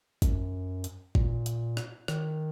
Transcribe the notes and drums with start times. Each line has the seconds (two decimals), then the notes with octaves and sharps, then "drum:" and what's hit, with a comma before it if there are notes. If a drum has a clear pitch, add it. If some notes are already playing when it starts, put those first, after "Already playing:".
0.22 F#2, drum: kick, hi-hat
0.84 drum: hi-hat
1.15 A#2, drum: kick
1.46 drum: hi-hat
1.77 drum: rim click
2.08 D#3, drum: rim click